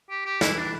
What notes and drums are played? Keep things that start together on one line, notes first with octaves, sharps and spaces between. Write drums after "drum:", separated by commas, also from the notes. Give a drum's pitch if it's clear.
G4
G4
E3 E4, drum: snare
D4